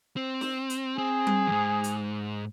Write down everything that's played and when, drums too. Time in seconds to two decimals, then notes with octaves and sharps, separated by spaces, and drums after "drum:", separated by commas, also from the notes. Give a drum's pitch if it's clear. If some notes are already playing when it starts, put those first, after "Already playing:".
0.17 C4
0.41 drum: snare
0.70 drum: hi-hat
0.98 C4 G#4
1.27 drum: tom G3
1.47 E2 G#2
1.84 drum: hi-hat